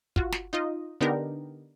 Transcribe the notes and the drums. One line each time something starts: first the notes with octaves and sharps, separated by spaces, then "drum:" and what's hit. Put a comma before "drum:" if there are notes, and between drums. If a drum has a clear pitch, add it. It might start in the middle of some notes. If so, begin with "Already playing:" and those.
F4 F#4, drum: kick
drum: snare
D#4 F4 D#5
D3 B3 D4 D#4 G4 A#4